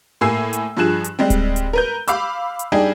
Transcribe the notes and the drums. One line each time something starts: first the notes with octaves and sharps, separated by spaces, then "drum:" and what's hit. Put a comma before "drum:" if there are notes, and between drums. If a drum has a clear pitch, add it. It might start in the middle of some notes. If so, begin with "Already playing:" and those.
A2 A#3 G#5 E6 C7
drum: hi-hat
G2 F3 G#4 F#6 E7
drum: hi-hat
G3 G#3 C4
drum: kick D1, hi-hat
drum: hi-hat
A#4 B4 G6
F5 B5 D6 E6, drum: hi-hat
drum: hi-hat
G3 D4 D#4 G4 G#4